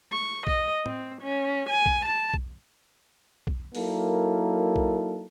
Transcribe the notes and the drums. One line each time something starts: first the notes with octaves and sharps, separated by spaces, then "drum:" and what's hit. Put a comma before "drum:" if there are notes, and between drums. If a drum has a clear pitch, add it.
C#6
D#5, drum: kick B1
C4, drum: tom A2
C#4
G#5
drum: kick B1
A5
drum: kick B1
drum: kick B1
F#3 A#3 D#4 E4 A4 A#4, drum: open hi-hat
drum: kick B1